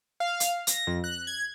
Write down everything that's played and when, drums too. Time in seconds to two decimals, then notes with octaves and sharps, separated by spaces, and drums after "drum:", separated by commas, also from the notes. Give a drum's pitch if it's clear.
0.20 F5
0.40 drum: hi-hat
0.67 A#6, drum: hi-hat
0.87 F2
1.04 F#6
1.27 G#6